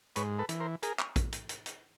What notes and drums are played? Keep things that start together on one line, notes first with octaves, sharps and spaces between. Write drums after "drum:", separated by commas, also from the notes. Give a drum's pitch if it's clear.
G#2 B4 C#5, drum: hi-hat
A4 B4
E3, drum: hi-hat
A#4 C5
G#4 A#4, drum: hi-hat
drum: clap
drum: kick, hi-hat
drum: hi-hat
drum: hi-hat
drum: hi-hat